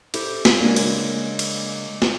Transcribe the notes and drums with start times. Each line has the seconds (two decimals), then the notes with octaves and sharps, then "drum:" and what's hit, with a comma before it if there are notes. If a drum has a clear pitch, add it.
0.14 E4 G4 A4 C5, drum: cymbal
0.45 drum: snare
0.58 C#3 G#3 A#3 D4
0.76 drum: cymbal
1.39 drum: cymbal
2.02 drum: snare